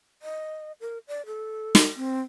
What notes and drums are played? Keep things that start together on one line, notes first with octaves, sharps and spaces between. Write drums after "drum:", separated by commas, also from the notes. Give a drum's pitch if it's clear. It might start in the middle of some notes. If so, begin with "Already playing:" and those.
D#5
A#4
D5
A4
drum: snare
C4